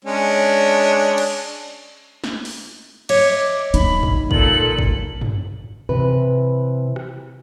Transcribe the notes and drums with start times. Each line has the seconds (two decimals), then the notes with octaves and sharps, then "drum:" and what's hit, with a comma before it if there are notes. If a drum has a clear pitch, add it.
0.05 G#3 C#4 D4
1.18 drum: cymbal
2.24 drum: snare
2.45 drum: open hi-hat
3.09 C#5 D#5 E5 D6, drum: cymbal
3.74 D#4 B5, drum: hi-hat
4.03 drum: kick
4.31 A#2 A4 F#7, drum: kick
4.79 drum: kick
5.21 drum: tom F#2
5.89 C3 E3 B4
6.96 drum: rim click